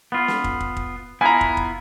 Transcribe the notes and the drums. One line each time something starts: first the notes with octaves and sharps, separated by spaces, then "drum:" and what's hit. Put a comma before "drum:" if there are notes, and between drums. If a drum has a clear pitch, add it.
B3 F4
drum: snare
drum: kick
drum: kick
drum: kick
B3 E4 F4 G#5 A#5
drum: kick
drum: kick